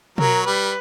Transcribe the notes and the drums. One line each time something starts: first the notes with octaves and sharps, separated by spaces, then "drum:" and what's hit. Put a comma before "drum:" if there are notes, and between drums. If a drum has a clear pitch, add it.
F#3 A#4, drum: tom B2
G3 B4